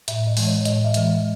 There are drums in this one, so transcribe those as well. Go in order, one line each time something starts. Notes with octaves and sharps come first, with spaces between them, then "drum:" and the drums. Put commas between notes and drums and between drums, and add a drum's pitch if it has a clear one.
A2 E5, drum: hi-hat
D#5
E3 G#3, drum: open hi-hat
C#5
A2 D#5, drum: hi-hat
E5
E3 G#3, drum: hi-hat
E5